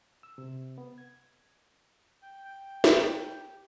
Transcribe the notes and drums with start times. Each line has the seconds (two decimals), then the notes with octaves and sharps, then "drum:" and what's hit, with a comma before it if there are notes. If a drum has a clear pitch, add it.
0.23 E6
0.38 C3
0.78 B3
0.98 G#6
2.22 G5
2.45 G5
2.84 drum: snare
2.97 G5
3.37 G4